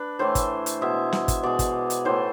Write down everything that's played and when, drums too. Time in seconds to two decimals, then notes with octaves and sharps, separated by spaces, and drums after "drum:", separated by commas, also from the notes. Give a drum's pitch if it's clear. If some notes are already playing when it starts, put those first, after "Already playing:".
Already playing: D4 B4
0.19 A2 E3 A3 C5
0.35 drum: kick, hi-hat
0.66 drum: hi-hat
0.81 B2 G#3 E5
1.13 drum: snare
1.28 drum: kick, hi-hat
1.43 B2 G#3 D5
1.59 drum: kick, hi-hat
1.90 drum: hi-hat
2.05 A2 E3 A3 C5